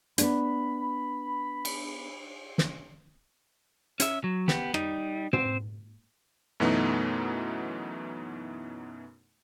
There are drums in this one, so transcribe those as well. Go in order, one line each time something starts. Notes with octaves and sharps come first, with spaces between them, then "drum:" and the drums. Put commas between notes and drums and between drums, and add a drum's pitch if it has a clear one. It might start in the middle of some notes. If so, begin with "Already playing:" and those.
B3 D4 B5, drum: hi-hat
drum: cymbal
drum: snare
C#4 E5, drum: hi-hat
F#3
B3 G4, drum: snare
G3 D#4, drum: rim click
C4 C5, drum: tom
F#2 B2 E3 A3 B3 D#4